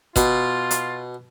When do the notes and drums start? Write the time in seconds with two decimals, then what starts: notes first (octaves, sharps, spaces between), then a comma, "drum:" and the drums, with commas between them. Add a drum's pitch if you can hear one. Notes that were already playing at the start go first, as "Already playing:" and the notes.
0.16 B2 F4, drum: kick, hi-hat
0.71 drum: hi-hat